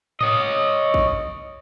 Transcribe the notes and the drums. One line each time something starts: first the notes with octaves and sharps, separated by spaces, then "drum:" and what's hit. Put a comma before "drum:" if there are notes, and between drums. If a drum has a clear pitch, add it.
C#5 D#5, drum: tom G#2
drum: kick